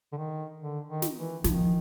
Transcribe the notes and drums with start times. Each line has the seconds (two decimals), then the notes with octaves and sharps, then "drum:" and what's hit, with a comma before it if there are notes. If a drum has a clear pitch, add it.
0.13 D3
0.17 D#3
0.60 D3
0.87 D#3
1.02 drum: snare
1.17 E3
1.44 D#3 F3, drum: snare